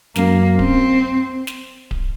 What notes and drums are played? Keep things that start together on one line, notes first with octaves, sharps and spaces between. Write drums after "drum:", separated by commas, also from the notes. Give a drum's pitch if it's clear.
F#2 A#3, drum: snare
C4, drum: kick D1
drum: snare
drum: kick D1